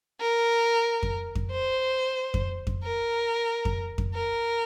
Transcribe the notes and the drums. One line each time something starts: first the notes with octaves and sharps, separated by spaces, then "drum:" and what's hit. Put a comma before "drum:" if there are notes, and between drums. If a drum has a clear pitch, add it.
A#4
drum: kick F2
drum: kick F2
C5
drum: kick F2
drum: kick F2
A#4
drum: kick F2
drum: kick F2
A#4